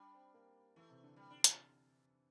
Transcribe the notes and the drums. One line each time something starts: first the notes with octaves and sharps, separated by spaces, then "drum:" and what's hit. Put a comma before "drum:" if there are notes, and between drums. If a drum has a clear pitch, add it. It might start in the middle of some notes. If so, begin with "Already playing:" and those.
Already playing: G3 D4
C4
A#3
E3 A3
C3
D3
G3
D4
F4, drum: hi-hat